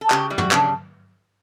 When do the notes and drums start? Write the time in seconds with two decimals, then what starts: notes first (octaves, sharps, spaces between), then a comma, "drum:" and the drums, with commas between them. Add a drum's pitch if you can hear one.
0.01 A4
0.10 C#3 G4, drum: clap
0.30 E3 G3
0.38 F#4, drum: tom
0.51 C#3 D4, drum: clap